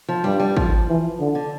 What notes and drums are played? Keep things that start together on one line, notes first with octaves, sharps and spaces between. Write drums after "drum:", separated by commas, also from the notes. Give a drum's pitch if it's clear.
F3
G2 G3
G3
F3, drum: kick
E3
D3
D3